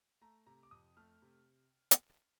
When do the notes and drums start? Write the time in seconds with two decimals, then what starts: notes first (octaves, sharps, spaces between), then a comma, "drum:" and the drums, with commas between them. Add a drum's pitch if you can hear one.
0.21 A3 A#5
0.46 C3 A#5
0.63 D6
0.71 F2 D#6
0.97 A3 F6
1.22 C3
1.91 drum: hi-hat